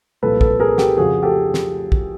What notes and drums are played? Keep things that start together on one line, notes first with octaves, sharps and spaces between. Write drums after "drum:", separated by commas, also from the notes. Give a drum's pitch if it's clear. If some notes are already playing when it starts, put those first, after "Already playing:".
C2 A#2 F3 A4 B4
A4 B4, drum: kick
G#4 A#4
G4 A4, drum: snare
F2 C#3 F3 F#4 G#4
G4 A4
drum: snare
drum: kick